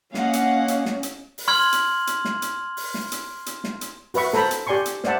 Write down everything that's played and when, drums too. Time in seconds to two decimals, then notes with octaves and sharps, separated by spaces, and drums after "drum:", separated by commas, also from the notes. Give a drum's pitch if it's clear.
0.14 A#3 C#4 D#5 F5 F#5, drum: snare
0.33 drum: hi-hat
0.68 drum: hi-hat
0.86 drum: snare
1.03 drum: hi-hat
1.38 drum: open hi-hat
1.48 C6 F6 G#6 F#7
1.72 drum: hi-hat
2.07 drum: hi-hat
2.25 drum: snare
2.42 drum: hi-hat
2.77 drum: open hi-hat
2.94 drum: snare
3.12 drum: hi-hat
3.46 drum: hi-hat
3.64 drum: snare
3.81 drum: hi-hat
4.14 F#4 B4 E5 C#6, drum: open hi-hat
4.33 A4 C5 A#5 B5, drum: snare
4.51 drum: hi-hat
4.67 G4 D5 G#5 C6 C#6
4.86 drum: hi-hat
5.04 C5 D5 E5 F#5 A5, drum: snare